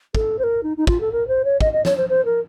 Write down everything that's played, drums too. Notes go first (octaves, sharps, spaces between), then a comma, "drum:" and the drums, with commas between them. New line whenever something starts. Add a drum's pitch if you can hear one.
A4, drum: kick
C5
A#4
D#4
D#4
F4, drum: kick
A4
A#4
C5
C#5
D#5, drum: kick
D#5
C#5, drum: snare
C5
C5
A#4